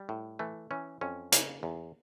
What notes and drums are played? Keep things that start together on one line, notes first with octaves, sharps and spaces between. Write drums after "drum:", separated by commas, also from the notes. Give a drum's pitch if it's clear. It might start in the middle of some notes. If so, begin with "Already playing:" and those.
Already playing: G3
A2
E3 A3
E3 C#4
F2 C#4
C#3 A#3, drum: hi-hat
E2